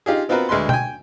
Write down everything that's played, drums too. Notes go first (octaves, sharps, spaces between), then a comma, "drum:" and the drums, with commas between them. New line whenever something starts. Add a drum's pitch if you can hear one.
D#4 F4 G4 G#4
B3 C4 F4 F#4 A#4 B4
D2 G#3 B4 C6
G5 G#5, drum: tom